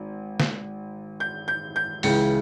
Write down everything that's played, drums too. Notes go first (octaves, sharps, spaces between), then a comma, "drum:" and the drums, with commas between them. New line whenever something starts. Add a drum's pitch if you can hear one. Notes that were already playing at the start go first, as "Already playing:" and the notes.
Already playing: G#1
drum: snare
G6
G6
G6
C#2 C#3 E3 C#7, drum: open hi-hat